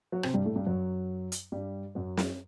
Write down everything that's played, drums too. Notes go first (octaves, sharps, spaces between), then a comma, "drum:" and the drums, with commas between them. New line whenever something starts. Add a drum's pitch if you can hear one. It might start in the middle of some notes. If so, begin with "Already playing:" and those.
F#3 F#4
C3 C4, drum: rim click
G2 G3
A2 A3
G2 G3
F#2 F#3
drum: hi-hat
G2 G3
F#2 F#3
drum: snare